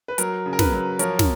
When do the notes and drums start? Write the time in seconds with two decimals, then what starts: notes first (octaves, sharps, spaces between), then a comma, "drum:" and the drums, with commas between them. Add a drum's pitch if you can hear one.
0.08 B4
0.18 F#3 A#4, drum: hi-hat
0.46 C#3
0.53 A#4
0.59 B4, drum: snare
0.72 F#3
0.99 F3 A#4 C#5, drum: hi-hat
1.19 drum: snare